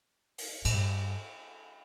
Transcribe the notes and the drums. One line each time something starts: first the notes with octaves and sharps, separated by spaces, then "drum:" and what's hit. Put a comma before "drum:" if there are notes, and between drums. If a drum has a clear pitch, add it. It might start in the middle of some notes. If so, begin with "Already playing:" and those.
drum: open hi-hat
A2, drum: cymbal
G2